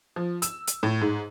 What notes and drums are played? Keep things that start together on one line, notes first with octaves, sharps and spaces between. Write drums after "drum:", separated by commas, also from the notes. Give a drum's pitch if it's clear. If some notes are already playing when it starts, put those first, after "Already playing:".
F3
E6, drum: hi-hat
drum: hi-hat
A2
G#2